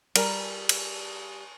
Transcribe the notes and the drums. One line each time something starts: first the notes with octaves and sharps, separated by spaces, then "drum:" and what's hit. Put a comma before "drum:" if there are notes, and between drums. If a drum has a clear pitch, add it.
G3 A#4 G#5 A#5, drum: cymbal
drum: cymbal